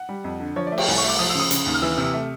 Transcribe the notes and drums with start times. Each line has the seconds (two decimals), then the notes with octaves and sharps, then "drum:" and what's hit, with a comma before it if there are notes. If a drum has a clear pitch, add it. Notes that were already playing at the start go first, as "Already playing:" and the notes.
Already playing: F#5
0.09 G3
0.24 F2
0.40 D3
0.56 F3 C#5
0.67 D5
0.72 A3
0.78 G5, drum: cymbal
0.88 C2 G#5
0.98 C#6
1.03 A3
1.09 D6
1.19 F3 D#6
1.29 E6
1.35 C#3 D#6
1.51 C#3, drum: hi-hat
1.66 D#2
1.74 F6
1.82 E3 E6
1.97 C3 E6
2.14 A3